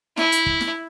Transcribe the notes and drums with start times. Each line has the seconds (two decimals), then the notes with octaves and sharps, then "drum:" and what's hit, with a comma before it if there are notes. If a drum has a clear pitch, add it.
0.17 E4, drum: snare
0.32 drum: hi-hat
0.46 drum: kick
0.61 drum: snare